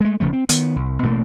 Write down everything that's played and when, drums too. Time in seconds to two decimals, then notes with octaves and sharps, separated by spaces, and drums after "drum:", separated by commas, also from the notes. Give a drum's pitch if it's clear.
0.01 G#3 A3
0.20 E1 C#3 F3 A3
0.33 C4
0.49 D#3 B3, drum: hi-hat
0.76 C2
1.03 A1 B2 A3 A#3